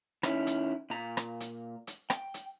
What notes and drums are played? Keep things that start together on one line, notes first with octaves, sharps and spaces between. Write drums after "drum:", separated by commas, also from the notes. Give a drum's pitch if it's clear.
D#3 C#4 E4, drum: rim click
drum: hi-hat
A#2 A#5
drum: rim click
drum: hi-hat
drum: hi-hat
G5, drum: rim click
drum: hi-hat